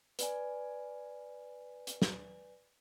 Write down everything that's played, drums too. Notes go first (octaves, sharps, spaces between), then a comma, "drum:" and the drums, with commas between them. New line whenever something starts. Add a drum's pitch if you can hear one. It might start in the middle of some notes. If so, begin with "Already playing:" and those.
B4 D5 G#5, drum: hi-hat
drum: hi-hat
drum: snare